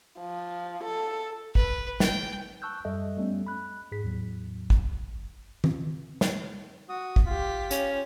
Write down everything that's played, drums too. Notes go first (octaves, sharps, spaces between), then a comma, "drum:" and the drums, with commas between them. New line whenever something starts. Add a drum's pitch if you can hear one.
F3
A4
B4, drum: kick
G5, drum: snare
A5 C#6 E6 F#6 G6
F#2 G3 A4 D#5 E5
G3 A3 B3 C#4
B5 F#6
G#2 G#4 B6
E2 A2 F#3
drum: kick
drum: tom D#3
drum: snare
F#4 D#6
drum: kick
F4 G4 B6
C#4, drum: hi-hat